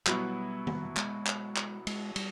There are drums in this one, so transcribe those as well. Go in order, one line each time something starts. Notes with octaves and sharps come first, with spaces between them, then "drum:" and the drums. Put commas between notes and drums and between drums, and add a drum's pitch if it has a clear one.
B2 F#3 G3 B3 E4, drum: clap
drum: tom
G#3, drum: clap
drum: clap
drum: clap
G#3, drum: cymbal
G3, drum: cymbal